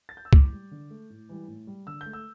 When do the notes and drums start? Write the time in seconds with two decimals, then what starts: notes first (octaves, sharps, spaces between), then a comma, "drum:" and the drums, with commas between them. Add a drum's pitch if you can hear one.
0.09 A6
0.17 G6
0.25 E6
0.33 A2 D6, drum: kick C2
0.53 G3
0.71 D3
0.90 A3
1.10 A2
1.29 E3 G3
1.48 A2
1.67 G3
1.87 D3 E6
2.01 G6
2.06 A3
2.13 E6